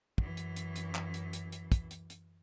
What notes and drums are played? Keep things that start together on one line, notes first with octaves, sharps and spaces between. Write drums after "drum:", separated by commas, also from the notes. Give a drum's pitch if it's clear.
F#2 E3, drum: kick
drum: hi-hat
drum: hi-hat
drum: hi-hat
drum: clap
drum: hi-hat
drum: hi-hat
drum: hi-hat
drum: kick, hi-hat
drum: hi-hat
drum: hi-hat